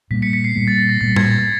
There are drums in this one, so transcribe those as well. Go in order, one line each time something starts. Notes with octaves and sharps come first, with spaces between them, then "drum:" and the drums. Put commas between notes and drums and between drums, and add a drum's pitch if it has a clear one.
A#2 G3 A#3 B6
B6 C#7
B6 C#7
C7
A#2 G3 A#3
A6
A#6
A#6
A#2 G3 A#3 A6
G#6, drum: tom A2
A6